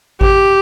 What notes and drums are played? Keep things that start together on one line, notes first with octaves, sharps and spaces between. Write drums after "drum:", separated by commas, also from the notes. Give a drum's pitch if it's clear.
G4, drum: kick G#1